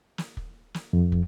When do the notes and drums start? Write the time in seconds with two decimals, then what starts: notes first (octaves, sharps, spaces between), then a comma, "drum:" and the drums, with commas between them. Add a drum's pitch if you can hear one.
0.18 drum: snare
0.37 drum: kick
0.74 drum: snare
0.93 F2
1.12 drum: kick